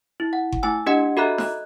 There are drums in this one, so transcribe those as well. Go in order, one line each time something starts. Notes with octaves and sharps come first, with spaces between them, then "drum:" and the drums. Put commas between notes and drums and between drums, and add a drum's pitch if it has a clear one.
E4
F#5
drum: kick G1
A3 E4 G#5 E6
D4 G4 D#5 F#5
F#4 A4 D#5 E5 A#5 F#6
D#5 F#6, drum: snare D#4